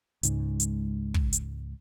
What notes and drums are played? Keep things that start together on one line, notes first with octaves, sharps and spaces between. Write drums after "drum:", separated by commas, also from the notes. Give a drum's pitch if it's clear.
C#2 G#2, drum: hi-hat
drum: hi-hat
drum: kick
drum: hi-hat